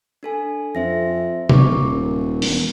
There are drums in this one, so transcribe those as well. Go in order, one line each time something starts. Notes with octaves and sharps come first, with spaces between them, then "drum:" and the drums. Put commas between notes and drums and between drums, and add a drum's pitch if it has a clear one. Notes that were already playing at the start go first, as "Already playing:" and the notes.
D4 A4 G#5
F2 C5 E5 A#6
B1 C#6 D6, drum: tom C3
D#1 A#4
E1, drum: open hi-hat